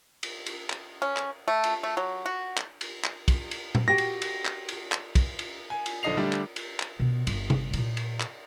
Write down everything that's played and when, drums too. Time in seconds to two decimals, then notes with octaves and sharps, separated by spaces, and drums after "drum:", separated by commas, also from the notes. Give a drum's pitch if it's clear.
0.23 drum: cymbal
0.46 drum: cymbal
0.70 drum: clap
1.02 C#4
1.17 drum: clap
1.48 A3
1.64 drum: cymbal
1.83 A3
1.97 F#3
2.26 F#4
2.57 drum: clap
2.81 drum: cymbal
3.04 drum: clap
3.28 drum: kick, cymbal
3.51 drum: cymbal
3.75 drum: tom A#2
3.88 F#4 G4 G5 A#6
3.98 drum: cymbal
4.22 drum: cymbal
4.45 drum: clap
4.69 drum: cymbal
4.92 drum: clap
5.15 drum: kick, cymbal
5.39 drum: cymbal
5.70 G#5
5.86 drum: cymbal
6.03 A#1 D3 D#4 D#5 C7 F7
6.17 D3 G3 A3 D4
6.33 drum: clap
6.56 drum: cymbal
6.80 drum: clap
7.00 B2 B3
7.27 G1, drum: cymbal
7.50 drum: tom
7.73 A#2 E4, drum: cymbal
7.97 drum: cymbal
8.20 drum: clap